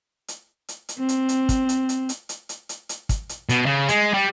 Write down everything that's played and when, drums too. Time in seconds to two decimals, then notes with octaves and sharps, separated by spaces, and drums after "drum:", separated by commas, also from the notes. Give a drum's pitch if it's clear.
0.28 drum: hi-hat
0.69 drum: hi-hat
0.89 drum: hi-hat
0.99 C4
1.09 drum: hi-hat
1.29 drum: hi-hat
1.49 drum: kick, hi-hat
1.69 drum: hi-hat
1.89 drum: hi-hat
2.09 drum: hi-hat
2.29 drum: hi-hat
2.49 drum: hi-hat
2.69 drum: hi-hat
2.89 drum: hi-hat
3.09 drum: kick, hi-hat
3.29 drum: hi-hat
3.49 B2, drum: hi-hat
3.66 C#3
3.89 G#3, drum: hi-hat
4.14 G3